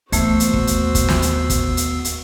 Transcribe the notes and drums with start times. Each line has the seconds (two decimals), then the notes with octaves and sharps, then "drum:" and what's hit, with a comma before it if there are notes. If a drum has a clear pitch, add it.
0.12 D#2 E3 A3 B3 F#4 C5 E6 C7, drum: hi-hat
0.40 drum: hi-hat
0.54 drum: kick
0.67 drum: hi-hat
0.95 drum: kick, hi-hat
1.08 drum: snare
1.22 drum: hi-hat
1.50 drum: kick, hi-hat
1.77 drum: hi-hat
2.05 drum: hi-hat